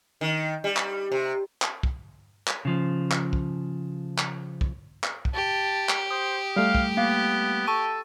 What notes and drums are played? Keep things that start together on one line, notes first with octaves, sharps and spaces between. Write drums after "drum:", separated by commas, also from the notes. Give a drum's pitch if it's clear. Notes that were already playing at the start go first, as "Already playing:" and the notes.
D#3
G3
drum: clap
C3
drum: clap
drum: kick
drum: clap
C#3 F3
drum: clap
drum: kick
drum: clap
drum: kick
drum: clap
drum: kick
G4 A5
drum: clap
C5 D#6
G3 A3 F5
drum: kick
A#3 B3 F5
A4 A5 C#6 D#7